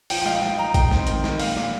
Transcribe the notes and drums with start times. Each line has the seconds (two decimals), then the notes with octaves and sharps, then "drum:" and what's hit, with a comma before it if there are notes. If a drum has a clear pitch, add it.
0.10 F3 G5, drum: open hi-hat
0.22 G5
0.26 D#4 F5, drum: snare
0.42 D#4 G5, drum: snare
0.58 D#4 A#5
0.74 D#4 G5, drum: kick, hi-hat
0.91 C4, drum: snare
1.07 D#3, drum: hi-hat
1.24 D#3, drum: snare
1.39 A#2 F5, drum: open hi-hat
1.56 A#2, drum: snare